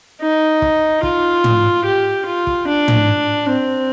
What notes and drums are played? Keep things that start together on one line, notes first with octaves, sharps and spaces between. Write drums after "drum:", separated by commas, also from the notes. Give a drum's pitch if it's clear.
D#4
drum: kick
F4, drum: kick
drum: tom
G4
F4
drum: kick
D4
drum: tom
C4